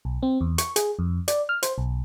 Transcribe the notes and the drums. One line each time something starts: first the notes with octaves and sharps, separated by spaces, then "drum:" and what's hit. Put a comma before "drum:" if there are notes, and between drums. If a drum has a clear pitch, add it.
B1
C4
E2
C#6, drum: hi-hat
G#4, drum: hi-hat
F2
D5, drum: hi-hat
F6
C5, drum: hi-hat
B1